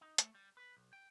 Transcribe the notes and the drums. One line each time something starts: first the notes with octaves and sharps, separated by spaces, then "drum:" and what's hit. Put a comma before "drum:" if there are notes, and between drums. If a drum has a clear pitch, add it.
D#4
A3, drum: hi-hat
G3
B4
B1
G5